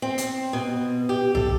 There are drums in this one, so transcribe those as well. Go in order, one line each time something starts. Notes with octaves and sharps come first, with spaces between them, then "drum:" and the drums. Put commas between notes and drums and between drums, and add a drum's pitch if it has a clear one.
C4
drum: hi-hat
B2
G4
A4, drum: tom A#1